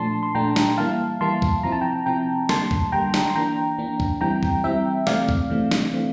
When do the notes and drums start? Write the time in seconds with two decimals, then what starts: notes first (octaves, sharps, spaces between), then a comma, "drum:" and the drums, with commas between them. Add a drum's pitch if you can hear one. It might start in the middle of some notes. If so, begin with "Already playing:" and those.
Already playing: A#2 F3 A3 D4 A5 C6
0.23 C6
0.35 A#2 F3 A3 D4 G5 A#5
0.56 drum: snare
0.78 E3 G3 A#3 E4 F5 A5
1.21 E3 G3 A#3 E4 A5 C6
1.42 drum: kick
1.63 C3 F3 C4 E4 A#5
1.72 A5
1.81 G5 A#5
2.06 C3 F3 C4 E4 G5 A#5
2.49 D3 G3 A#3 A5 C6, drum: snare
2.71 drum: kick
2.92 D3 G3 A#3 G5 A#5
3.14 drum: snare
3.30 C6
3.35 E3 A#3 D4 G5 A#5
3.78 E3 A#3 D4
4.00 drum: kick
4.21 E3 G3 C4 E4 G5 A#5
4.43 drum: kick
4.64 E3 G3 C4 E4 E5 G5
5.07 C3 E3 A3 C4 D5 F5, drum: snare
5.29 drum: kick
5.50 C3 E3 A3 C4
5.71 drum: snare
5.93 E3 A3 C4